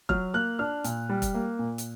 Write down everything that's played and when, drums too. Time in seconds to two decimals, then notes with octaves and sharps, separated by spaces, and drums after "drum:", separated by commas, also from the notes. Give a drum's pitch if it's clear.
0.09 F#3 F6, drum: kick E1
0.34 A#3 F#6
0.59 D4 F6
0.84 A#2, drum: hi-hat
1.09 G3
1.22 drum: kick E1, hi-hat
1.34 A#3
1.59 A#2
1.78 drum: hi-hat